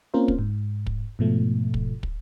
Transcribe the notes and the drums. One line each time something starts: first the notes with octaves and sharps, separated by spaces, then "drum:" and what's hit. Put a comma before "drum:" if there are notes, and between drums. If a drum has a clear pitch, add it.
A#3 C4 C#4 F4 A#4 C5
drum: kick
G#2
drum: kick
G#2 B2 F3 A3
drum: kick
drum: kick